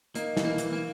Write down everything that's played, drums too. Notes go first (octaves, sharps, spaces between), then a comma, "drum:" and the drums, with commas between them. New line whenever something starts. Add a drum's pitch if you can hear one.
A#3 D#4, drum: hi-hat
E3, drum: snare
A#3
E3, drum: hi-hat
A#3